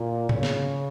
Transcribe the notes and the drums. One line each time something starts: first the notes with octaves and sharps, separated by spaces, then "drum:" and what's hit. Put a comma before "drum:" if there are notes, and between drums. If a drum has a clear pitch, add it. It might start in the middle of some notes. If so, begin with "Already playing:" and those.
Already playing: A#2
C#3, drum: tom G#2
drum: snare